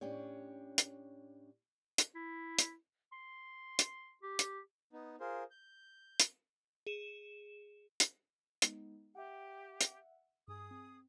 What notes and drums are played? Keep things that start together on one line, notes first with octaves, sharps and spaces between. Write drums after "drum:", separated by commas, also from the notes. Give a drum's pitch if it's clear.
A2 C#4 D4 G4 C#5
drum: hi-hat
drum: hi-hat
E4
drum: hi-hat
C6
drum: hi-hat
G4
drum: hi-hat
B3 D#4
F4 G#4 A#4 C5
G6
drum: hi-hat
G#4 E7
drum: hi-hat
G#3 B3 D#4, drum: hi-hat
G4 E5 F#5
drum: hi-hat
G2 G#4 D#6
C4